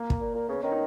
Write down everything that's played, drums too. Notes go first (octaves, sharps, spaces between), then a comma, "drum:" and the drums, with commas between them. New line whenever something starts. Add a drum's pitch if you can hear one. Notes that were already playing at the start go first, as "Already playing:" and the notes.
Already playing: A#3
drum: kick
A#2
A#2
C#3 B3
D#3 C#4
D#4